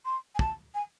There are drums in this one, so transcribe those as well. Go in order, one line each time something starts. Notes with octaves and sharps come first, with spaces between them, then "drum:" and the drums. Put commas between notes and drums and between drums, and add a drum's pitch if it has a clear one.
C6
G#5
A5, drum: kick
G#5